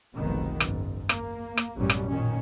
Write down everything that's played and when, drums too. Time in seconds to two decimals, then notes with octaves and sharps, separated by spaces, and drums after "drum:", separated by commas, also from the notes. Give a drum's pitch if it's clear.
0.16 F1 B1 G#2 D#3 B3
0.60 F#1 G#2, drum: rim click
1.09 A#3, drum: rim click
1.57 drum: rim click
1.76 A1 F#2 B2 F#3 G3 C#4
1.90 drum: rim click
2.09 A#2 D#3 C#4